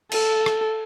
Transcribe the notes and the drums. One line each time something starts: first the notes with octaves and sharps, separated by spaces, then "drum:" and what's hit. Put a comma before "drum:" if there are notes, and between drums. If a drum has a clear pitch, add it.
A4, drum: cymbal
drum: rim click